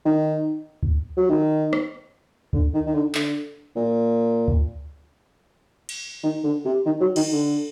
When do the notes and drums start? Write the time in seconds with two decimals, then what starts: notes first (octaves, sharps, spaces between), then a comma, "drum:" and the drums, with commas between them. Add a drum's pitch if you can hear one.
0.05 D#3
0.83 drum: kick D2
1.17 F#3
1.30 D#3
1.73 drum: rim click
2.53 D3, drum: kick D2
2.74 D#3
2.86 D#3
2.95 D3
3.15 D3, drum: clap
3.76 A#2
4.48 drum: kick D2
5.89 drum: cymbal
6.23 D#3
6.43 D3
6.65 C3
6.85 D#3
7.01 F#3
7.16 D#3, drum: cymbal
7.32 D3